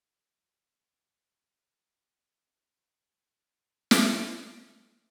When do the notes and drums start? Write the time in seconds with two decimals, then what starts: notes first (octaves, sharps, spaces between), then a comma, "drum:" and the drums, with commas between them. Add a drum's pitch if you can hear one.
0.19 F#2
0.72 G#3
1.04 D5
1.29 G#3
2.42 A#3 C4 C#4 E4 G4 C5
3.39 B5
3.91 drum: snare